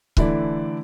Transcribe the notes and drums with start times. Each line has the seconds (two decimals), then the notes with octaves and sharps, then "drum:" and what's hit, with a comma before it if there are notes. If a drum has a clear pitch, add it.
0.17 D3 E3 A3 E4 D5, drum: kick C#1